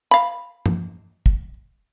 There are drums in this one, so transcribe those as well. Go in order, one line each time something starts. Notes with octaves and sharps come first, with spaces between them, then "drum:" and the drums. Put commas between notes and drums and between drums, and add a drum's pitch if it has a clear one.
F5 B5
drum: tom G2
drum: kick